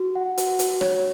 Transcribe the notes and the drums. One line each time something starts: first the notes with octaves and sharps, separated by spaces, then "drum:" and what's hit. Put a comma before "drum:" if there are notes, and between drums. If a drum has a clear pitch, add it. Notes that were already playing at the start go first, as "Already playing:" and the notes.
Already playing: F#4
F#5
F#4, drum: hi-hat
F#4, drum: hi-hat
C#5, drum: rim click